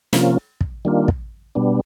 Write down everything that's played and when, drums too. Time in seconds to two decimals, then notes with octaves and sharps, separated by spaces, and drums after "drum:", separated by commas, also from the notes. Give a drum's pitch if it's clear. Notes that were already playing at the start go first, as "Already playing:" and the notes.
0.13 C3 F3 A#3 C#4 F4, drum: snare
0.61 drum: kick
0.85 D#3 G3 A#3 D4 F4
1.08 drum: kick
1.55 B2 G3 B3 D4